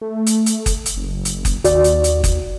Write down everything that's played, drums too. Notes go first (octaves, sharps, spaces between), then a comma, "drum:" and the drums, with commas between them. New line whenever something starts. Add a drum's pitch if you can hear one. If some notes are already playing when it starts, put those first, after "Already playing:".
A3
drum: hi-hat
drum: hi-hat
drum: kick F#1, hi-hat
drum: hi-hat
F#1
drum: hi-hat
drum: kick F#1, hi-hat
D#2 F#4 D5, drum: hi-hat
drum: hi-hat
drum: hi-hat
drum: kick F#1, hi-hat